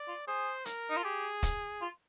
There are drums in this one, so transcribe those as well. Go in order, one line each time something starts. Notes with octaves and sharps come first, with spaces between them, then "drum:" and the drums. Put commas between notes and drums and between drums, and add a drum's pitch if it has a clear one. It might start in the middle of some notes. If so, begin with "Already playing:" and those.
Already playing: D5
F4
G#4 C5
A#4, drum: hi-hat
D#4
F4
G4 G#4
drum: kick, hi-hat
F4